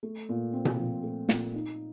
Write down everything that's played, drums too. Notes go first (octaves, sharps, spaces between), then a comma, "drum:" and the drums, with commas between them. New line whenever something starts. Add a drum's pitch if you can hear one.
A3
A#2
C4
drum: tom B2
F3
A3
A#2, drum: snare
D#4